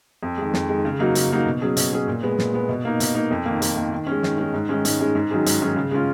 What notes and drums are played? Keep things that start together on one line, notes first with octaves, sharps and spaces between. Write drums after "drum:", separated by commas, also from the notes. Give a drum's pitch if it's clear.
F2
D#3 G#3
F2, drum: snare
D#3 G#3
C#3
F#3 A#3 D#4 F#4
C#3, drum: hi-hat
F#3 A#3 D#4 F#4
B2
F#3 C#4 G#4
B2, drum: hi-hat
F#3 C#4 G#4
A#2
G#3 B3
A#2, drum: snare
G#3 B3
B2
A#3 D#4
B2, drum: hi-hat
A#3 D#4
F2
D#3 A#3
F2, drum: hi-hat
D#3 A#3
D#3
G#3 C#4
D#3, drum: snare
G#3 C#4
G#2
D#3 G#3 C#4
G#2, drum: hi-hat
D#3 G#3 C#4
G#2
D#3 F#3 C#4 G#4
G#2, drum: hi-hat
D#3 F#3 C#4 G#4
C#3
G#3 C#4 F4